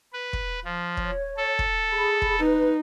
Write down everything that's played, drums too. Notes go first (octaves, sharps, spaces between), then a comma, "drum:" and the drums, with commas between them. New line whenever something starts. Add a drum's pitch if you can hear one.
B4
drum: kick
F3
C#5, drum: kick
A4
drum: kick
G#4 B5
drum: kick
D#4 B4